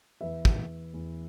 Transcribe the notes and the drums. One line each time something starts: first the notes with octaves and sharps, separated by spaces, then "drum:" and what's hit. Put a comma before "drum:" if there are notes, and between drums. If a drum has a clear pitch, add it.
E2 E3 B4 E5
drum: kick
E2 E3